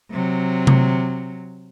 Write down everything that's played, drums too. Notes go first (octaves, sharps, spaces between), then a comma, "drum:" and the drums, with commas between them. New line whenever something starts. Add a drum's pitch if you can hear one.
C3 F#3
drum: tom C3